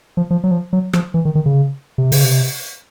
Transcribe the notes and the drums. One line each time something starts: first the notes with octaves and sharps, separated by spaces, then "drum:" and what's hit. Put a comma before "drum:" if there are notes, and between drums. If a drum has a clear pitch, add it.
F3
F3
F#3
F3
F#3
F3, drum: rim click
E3
D#3
D#3
C#3
C3
C#3, drum: open hi-hat
C3